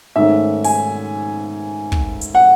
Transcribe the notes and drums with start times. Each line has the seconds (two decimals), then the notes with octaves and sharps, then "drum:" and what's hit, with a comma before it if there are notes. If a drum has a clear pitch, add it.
0.16 G#2 D#3 A3 C#4 E5
0.64 G#5, drum: open hi-hat
1.92 drum: kick
2.21 drum: hi-hat
2.35 F#5